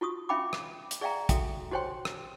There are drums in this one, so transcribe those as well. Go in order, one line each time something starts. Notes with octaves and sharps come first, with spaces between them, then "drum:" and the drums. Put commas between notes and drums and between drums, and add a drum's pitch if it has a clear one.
F4 F#4 C#6 D#6
C#4 E5 F5 G5 B5 D6
drum: rim click
drum: hi-hat
G#4 D5 E5 F5 G5 A#5
F#4 A4 E5 G5, drum: kick, hi-hat
F#4 G4 C5 C#5 G5 C6
drum: rim click